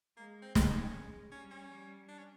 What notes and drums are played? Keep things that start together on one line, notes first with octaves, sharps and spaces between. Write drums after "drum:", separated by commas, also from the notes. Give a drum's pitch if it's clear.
G#3 A#3
C4
A3 C#4, drum: snare
G#3
G3 C#4
C#4
G3
D4
C#4